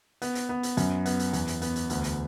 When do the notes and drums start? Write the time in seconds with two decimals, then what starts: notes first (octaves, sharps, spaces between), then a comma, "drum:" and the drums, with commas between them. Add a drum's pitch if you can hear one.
0.22 B3, drum: hi-hat
0.35 drum: hi-hat
0.49 B3
0.63 drum: hi-hat
0.77 F#2, drum: hi-hat
1.06 B3, drum: hi-hat
1.19 drum: hi-hat
1.33 E2, drum: hi-hat
1.48 drum: hi-hat
1.62 B3, drum: hi-hat
1.76 drum: hi-hat
1.90 D2, drum: hi-hat
2.04 drum: hi-hat